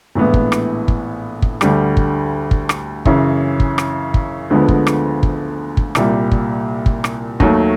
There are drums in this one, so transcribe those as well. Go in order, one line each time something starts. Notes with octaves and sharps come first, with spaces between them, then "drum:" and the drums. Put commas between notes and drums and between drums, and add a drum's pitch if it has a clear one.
A#1 A2 E3 G#3 B3
drum: kick
drum: rim click
drum: kick
drum: kick
D2 D3 G3, drum: rim click
drum: kick
drum: kick
drum: rim click
F#2 C#3 E3, drum: kick
drum: kick
drum: rim click
drum: kick
D2 D3 F3 G#3 B3
drum: kick
drum: rim click
drum: kick
drum: kick
C2 A#2 G3, drum: rim click
drum: kick
drum: kick
drum: rim click
D#2 D#3 F#3 A3, drum: kick